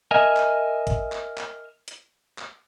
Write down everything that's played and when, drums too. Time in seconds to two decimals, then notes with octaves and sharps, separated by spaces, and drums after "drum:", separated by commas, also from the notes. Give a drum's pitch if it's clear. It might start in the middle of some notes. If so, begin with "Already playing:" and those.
0.11 A#4 D#5 E5 G#5
0.36 drum: clap
0.87 drum: kick, hi-hat
1.12 drum: clap
1.37 drum: clap
1.88 drum: hi-hat
2.38 drum: clap